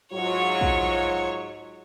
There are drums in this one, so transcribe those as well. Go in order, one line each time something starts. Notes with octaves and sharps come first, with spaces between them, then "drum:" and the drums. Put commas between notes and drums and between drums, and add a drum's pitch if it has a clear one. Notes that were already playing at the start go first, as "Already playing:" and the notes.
G#2 F#3 F4 C#5 C#6
drum: kick A#1